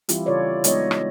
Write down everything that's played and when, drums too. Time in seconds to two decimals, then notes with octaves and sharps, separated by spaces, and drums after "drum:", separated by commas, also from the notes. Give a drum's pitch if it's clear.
0.09 E3 G3 C4 E4 F4 G4, drum: hi-hat
0.26 C#3 F4 A4 C#5 D5
0.64 F#3 G#3 B3 D#4 C#5 D#5, drum: hi-hat
0.91 drum: rim click